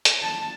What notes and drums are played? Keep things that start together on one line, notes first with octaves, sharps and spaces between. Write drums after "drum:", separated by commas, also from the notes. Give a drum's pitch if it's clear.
drum: hi-hat
A5